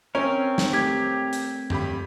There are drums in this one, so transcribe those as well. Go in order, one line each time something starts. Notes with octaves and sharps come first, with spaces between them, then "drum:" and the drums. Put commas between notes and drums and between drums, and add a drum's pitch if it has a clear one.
C4 C#4 A#4
drum: snare
A3 G4 G#6 B6
drum: hi-hat
F2 G4 B5, drum: tom F#2